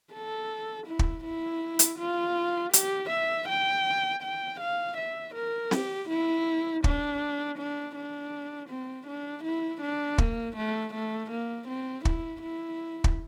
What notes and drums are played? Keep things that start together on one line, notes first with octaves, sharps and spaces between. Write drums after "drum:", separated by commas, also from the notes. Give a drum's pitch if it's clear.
A4
E4
drum: kick
E4
drum: hi-hat
F4
G4, drum: hi-hat
E5
G5
G5
F5
E5
A#4
G4, drum: snare C4
E4
D4, drum: kick
D4
D4
C4
D4
E4
D4
A#3, drum: kick
A3
A3
A#3
C4
E4, drum: kick
E4
drum: kick